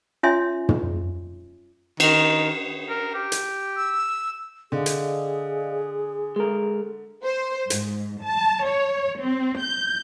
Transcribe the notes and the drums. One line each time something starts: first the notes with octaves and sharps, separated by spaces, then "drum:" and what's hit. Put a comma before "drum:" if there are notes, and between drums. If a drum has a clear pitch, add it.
C#4 F4 C#5 E5 G#5 C6
drum: tom
D#3, drum: cymbal
A#4
G4
drum: hi-hat
E6
D3 G#4 D5 D#5 F5
drum: hi-hat
G#3 A4 A#4
C5
G#2, drum: hi-hat
A5
C#5
C4
G6